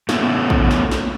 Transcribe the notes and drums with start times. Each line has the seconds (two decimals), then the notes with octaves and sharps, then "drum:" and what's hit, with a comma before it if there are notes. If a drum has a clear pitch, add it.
0.09 A3 B3 C#4 E4 A4, drum: snare
0.50 drum: kick A#1
0.71 drum: snare
0.91 drum: snare